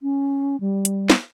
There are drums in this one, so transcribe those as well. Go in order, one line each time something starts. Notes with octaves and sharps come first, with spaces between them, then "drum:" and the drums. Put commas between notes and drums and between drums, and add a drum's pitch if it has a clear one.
C#4
G3
drum: hi-hat
drum: snare